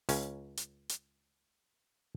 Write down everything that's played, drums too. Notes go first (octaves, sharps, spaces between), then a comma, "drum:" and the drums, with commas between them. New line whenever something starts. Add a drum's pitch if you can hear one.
C#2 C#4, drum: open hi-hat
drum: hi-hat
drum: hi-hat